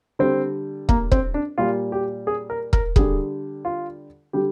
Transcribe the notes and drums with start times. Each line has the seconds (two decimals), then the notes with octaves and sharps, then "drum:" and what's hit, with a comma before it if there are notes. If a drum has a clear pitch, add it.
0.19 D3 G3 C4
0.89 A#3, drum: kick
1.12 C4, drum: kick
1.34 D4
1.58 A#2 G3 F4
1.92 G4
2.27 G#4
2.50 A#4
2.73 A#4, drum: kick
2.96 D3 G3 G#4, drum: kick
3.65 F4
4.33 D3 G3 G4